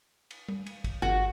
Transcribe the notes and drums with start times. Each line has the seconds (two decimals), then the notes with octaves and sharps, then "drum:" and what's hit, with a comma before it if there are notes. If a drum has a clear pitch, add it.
0.31 drum: cymbal
0.48 drum: tom G3
0.66 drum: cymbal
0.84 drum: kick, cymbal
1.02 G1 F#4, drum: tom G2